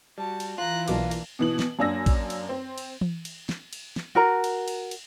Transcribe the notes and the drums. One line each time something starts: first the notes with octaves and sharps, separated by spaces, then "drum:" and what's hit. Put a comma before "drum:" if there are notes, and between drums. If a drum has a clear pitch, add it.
G3 F#4 A5
drum: cymbal
E3 F4 A#5 F#6
B1 B2 A#3 D4 D6, drum: cymbal
drum: cymbal
B2 E3 F#7
drum: snare
F#2 A#3 D4 G#5 E6 A#6
drum: kick, cymbal
drum: cymbal
C4
drum: cymbal
drum: tom E3
drum: cymbal
drum: snare
drum: cymbal
drum: snare
F#4 A#4 A#5
drum: cymbal
drum: cymbal
drum: cymbal